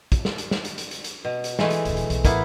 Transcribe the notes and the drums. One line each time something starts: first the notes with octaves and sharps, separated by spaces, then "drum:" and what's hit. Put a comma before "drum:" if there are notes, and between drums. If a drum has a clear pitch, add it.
drum: kick, hi-hat
drum: snare
drum: hi-hat
drum: snare
drum: hi-hat
drum: hi-hat
drum: hi-hat
drum: hi-hat
B2
drum: hi-hat
E3 G#3 A3, drum: snare
drum: hi-hat
D#1 D3, drum: hi-hat
drum: hi-hat
B1, drum: hi-hat
A1 A#3 B3 E4, drum: kick, hi-hat